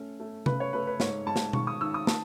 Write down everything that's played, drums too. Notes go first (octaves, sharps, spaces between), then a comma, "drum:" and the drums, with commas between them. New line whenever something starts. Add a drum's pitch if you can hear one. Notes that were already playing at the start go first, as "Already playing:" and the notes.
Already playing: A3 C#4
A3
C#3 B4, drum: tom C3
C#5
A3 B4
B4
G#2 C#5, drum: snare
G#2 A5
drum: snare
D#3 C#6, drum: tom B2
D#6
D#3 E6
D#6
A5, drum: snare